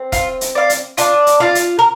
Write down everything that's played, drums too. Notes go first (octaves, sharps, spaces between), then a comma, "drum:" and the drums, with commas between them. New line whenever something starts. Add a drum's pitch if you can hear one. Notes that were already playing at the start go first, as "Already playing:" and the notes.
Already playing: C4
F4, drum: kick, hi-hat
drum: hi-hat
D5 F5
drum: hi-hat
D4 F4, drum: hi-hat
drum: hi-hat
F4 D5 F5
drum: hi-hat
A#4